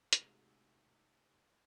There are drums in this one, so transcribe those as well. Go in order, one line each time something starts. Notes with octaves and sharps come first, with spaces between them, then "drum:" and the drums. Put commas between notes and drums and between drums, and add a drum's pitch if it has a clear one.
G#2 C3 G#3 A3 F#4, drum: hi-hat